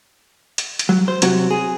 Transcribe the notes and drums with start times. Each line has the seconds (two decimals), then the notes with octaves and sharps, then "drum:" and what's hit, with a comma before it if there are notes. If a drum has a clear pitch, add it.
0.58 drum: hi-hat
0.79 drum: hi-hat
0.89 F#3
1.08 C5
1.22 C3 F#3 F#4, drum: hi-hat
1.51 G#4